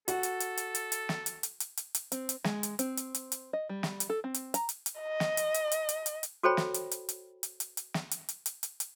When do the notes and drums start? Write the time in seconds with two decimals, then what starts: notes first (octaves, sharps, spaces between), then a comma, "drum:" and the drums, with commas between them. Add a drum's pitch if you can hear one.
0.08 F#4 A4, drum: hi-hat
0.23 drum: hi-hat
0.40 drum: hi-hat
0.57 drum: hi-hat
0.75 drum: hi-hat
0.92 drum: hi-hat
1.09 drum: snare
1.26 drum: hi-hat
1.43 drum: hi-hat
1.60 drum: hi-hat
1.77 drum: hi-hat
1.95 drum: hi-hat
2.12 C4, drum: hi-hat
2.29 drum: hi-hat
2.44 G#3, drum: snare
2.63 drum: hi-hat
2.79 C4, drum: hi-hat
2.97 drum: hi-hat
3.14 drum: hi-hat
3.32 drum: hi-hat
3.53 D#5
3.69 G3
3.83 drum: snare
4.00 drum: hi-hat
4.10 A4
4.24 C4
4.34 drum: hi-hat
4.54 A#5, drum: hi-hat
4.69 drum: hi-hat
4.86 drum: hi-hat
5.01 D#5
5.20 drum: snare
5.37 drum: hi-hat
5.54 drum: hi-hat
5.72 drum: hi-hat
5.89 drum: hi-hat
6.06 drum: hi-hat
6.23 drum: hi-hat
6.43 F#4 A4 C5 C#5 G5 B5
6.57 drum: snare
6.74 drum: hi-hat
6.91 drum: hi-hat
7.09 drum: hi-hat
7.43 drum: hi-hat
7.60 drum: hi-hat
7.77 drum: hi-hat
7.94 drum: snare
8.11 drum: hi-hat
8.29 drum: hi-hat
8.46 drum: hi-hat
8.63 drum: hi-hat
8.80 drum: hi-hat